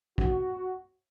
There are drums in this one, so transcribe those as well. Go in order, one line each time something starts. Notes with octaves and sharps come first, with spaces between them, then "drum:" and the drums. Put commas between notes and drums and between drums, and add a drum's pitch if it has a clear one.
F#4, drum: kick